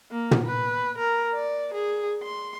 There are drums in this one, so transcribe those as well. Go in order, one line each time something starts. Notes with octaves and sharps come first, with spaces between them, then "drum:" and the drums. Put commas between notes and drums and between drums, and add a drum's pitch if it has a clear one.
A#3
drum: tom
B4
A#4
D5
G#4
C6